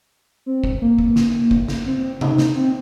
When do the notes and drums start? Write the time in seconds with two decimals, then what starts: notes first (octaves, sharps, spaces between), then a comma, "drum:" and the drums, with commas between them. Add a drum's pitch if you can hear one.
0.46 C4
0.64 drum: kick F1
0.81 A#3
0.99 drum: kick F1
1.16 drum: snare
1.51 drum: kick F1
1.68 drum: snare
1.86 C4
2.21 D#4, drum: tom C3
2.38 drum: snare
2.56 C4